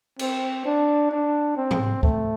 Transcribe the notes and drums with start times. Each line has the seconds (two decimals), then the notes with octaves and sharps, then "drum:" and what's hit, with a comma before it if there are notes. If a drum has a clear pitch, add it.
0.19 C4, drum: cymbal
0.65 D4
1.11 D4
1.57 C4
1.71 drum: tom G#2
2.03 A3, drum: kick C#2